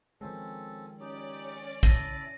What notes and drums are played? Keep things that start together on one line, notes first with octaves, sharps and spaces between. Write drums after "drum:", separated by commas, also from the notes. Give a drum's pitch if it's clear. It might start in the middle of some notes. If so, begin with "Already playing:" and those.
D#3 F3 G#3 C4 C#4 A4
C#4 D#4 G4 D5
E4 E5 A5 A#6 D#7, drum: kick A#1